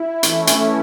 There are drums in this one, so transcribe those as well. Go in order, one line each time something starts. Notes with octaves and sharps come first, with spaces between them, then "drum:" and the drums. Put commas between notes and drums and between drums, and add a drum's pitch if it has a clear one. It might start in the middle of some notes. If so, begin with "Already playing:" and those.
Already playing: E4
E3 A3 C#4, drum: hi-hat
drum: hi-hat